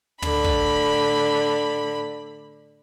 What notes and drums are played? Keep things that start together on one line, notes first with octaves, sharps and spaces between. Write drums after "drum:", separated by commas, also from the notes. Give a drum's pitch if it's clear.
A2 D3 B5, drum: tom
drum: kick